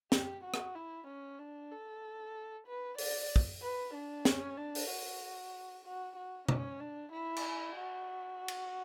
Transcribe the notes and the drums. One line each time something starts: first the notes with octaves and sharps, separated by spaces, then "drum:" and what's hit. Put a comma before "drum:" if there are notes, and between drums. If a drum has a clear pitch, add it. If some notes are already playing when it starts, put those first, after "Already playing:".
G4, drum: snare
F#4
drum: rim click
E4
C#4
D4
A4
B4
D5, drum: open hi-hat
drum: kick
B4
D4
C#4, drum: snare
D4
drum: open hi-hat
F#4
F#4
F#4
C#4, drum: tom B2
D4
E4
drum: cymbal
F#4
drum: cymbal